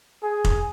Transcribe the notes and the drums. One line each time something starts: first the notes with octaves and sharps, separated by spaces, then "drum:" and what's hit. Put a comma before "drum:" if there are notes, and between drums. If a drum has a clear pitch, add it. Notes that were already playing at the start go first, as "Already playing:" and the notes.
G#4
drum: kick